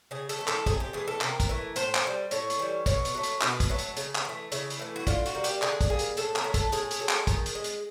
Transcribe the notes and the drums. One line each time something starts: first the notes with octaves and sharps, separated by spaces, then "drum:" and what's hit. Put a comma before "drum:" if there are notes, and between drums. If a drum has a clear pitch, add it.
C#3 G#4
A4, drum: hi-hat
E3 A3
A4, drum: clap
C3 G#4, drum: kick, hi-hat
G4
E3 A3 G#4
A4
C3 A#4, drum: clap
drum: kick, hi-hat
E3 A3
A2 C5, drum: hi-hat
drum: clap
E3
G3
A2 C#5, drum: hi-hat
drum: hi-hat
E3 G3
B2 C#5, drum: kick, hi-hat
drum: hi-hat
F#3 A3
drum: hi-hat
B2 B4, drum: clap
drum: kick, hi-hat
F#3 A3
drum: hi-hat
C#3, drum: hi-hat
drum: clap
E3 A3
C#3 E4, drum: hi-hat
drum: hi-hat
E3 A3
F#4
D3 F4, drum: kick, hi-hat
F#4, drum: hi-hat
G3 A#3
G4, drum: hi-hat
D3 G#4, drum: clap
drum: kick, hi-hat
G3 A#3 G#4
drum: hi-hat
A2 A4, drum: hi-hat
A#4, drum: clap
F#3 A3
A4, drum: kick, hi-hat
A2 G#4, drum: hi-hat
drum: hi-hat
F#3 A3
drum: clap
D#3, drum: kick, hi-hat
drum: hi-hat
G#3
drum: hi-hat